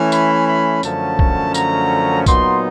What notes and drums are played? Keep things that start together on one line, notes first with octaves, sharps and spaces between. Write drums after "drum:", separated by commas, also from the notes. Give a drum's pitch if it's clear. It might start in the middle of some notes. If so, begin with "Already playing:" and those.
Already playing: E3 A3 C#4
B5, drum: tambourine
B5
F#2 D3 F3 A3 C#4 A5, drum: tambourine
drum: kick B1
A#5, drum: tambourine
A#2 F#3 B3 D#4 C6, drum: kick B1, tambourine